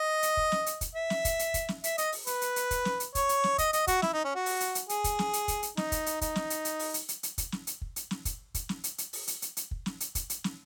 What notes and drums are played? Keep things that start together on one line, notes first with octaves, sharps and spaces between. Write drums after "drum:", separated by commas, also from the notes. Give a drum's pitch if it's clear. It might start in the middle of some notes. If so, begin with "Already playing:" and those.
Already playing: D#5
drum: hi-hat
drum: kick
drum: snare
drum: hi-hat
drum: kick, hi-hat
E5
drum: snare
drum: kick, hi-hat
drum: hi-hat
drum: kick, hi-hat
drum: snare
E5, drum: hi-hat
D#5, drum: hi-hat
drum: open hi-hat
B4, drum: hi-hat
drum: hi-hat
drum: hi-hat
drum: kick, hi-hat
drum: snare
drum: hi-hat
C#5, drum: kick, hi-hat
drum: hi-hat
drum: snare
D#5, drum: kick, hi-hat
D#5, drum: hi-hat
F#4, drum: kick, hi-hat
E4, drum: snare
D#4
C#4
F#4
drum: open hi-hat
drum: hi-hat
drum: hi-hat
G#4, drum: hi-hat
drum: kick, hi-hat
drum: snare
drum: hi-hat
drum: kick, hi-hat
drum: hi-hat
D#4, drum: snare
drum: kick, hi-hat
drum: hi-hat
D#4, drum: kick, hi-hat
drum: snare
drum: hi-hat
drum: hi-hat
drum: open hi-hat
drum: hi-hat
drum: hi-hat
drum: hi-hat
drum: kick, hi-hat
drum: snare
drum: hi-hat
drum: kick
drum: hi-hat
drum: snare
drum: kick, hi-hat
drum: kick, hi-hat
drum: snare
drum: hi-hat
drum: hi-hat
drum: open hi-hat
drum: hi-hat
drum: hi-hat
drum: hi-hat
drum: kick
drum: snare
drum: hi-hat
drum: kick, hi-hat
drum: hi-hat
drum: snare